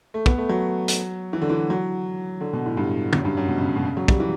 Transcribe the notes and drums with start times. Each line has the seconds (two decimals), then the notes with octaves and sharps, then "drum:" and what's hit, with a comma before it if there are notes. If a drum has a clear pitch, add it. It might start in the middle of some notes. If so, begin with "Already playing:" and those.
0.14 A3
0.26 B3, drum: kick
0.38 A3
0.49 F#3
0.88 drum: hi-hat
1.33 E3
1.42 D3
1.49 E3
1.70 F#3
2.41 D3
2.53 B2
2.66 A2
2.77 G2
3.13 F#2, drum: tom
3.25 G2
3.37 F#2
3.48 B2
3.58 C#3
3.76 B2
3.85 C#3
3.97 F#3
4.08 G3, drum: kick
4.20 E3